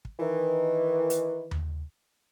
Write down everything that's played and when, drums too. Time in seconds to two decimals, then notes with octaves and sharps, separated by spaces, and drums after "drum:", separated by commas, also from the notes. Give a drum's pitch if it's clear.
0.05 drum: kick
0.20 D#3 E3
1.10 drum: hi-hat
1.51 drum: tom D#2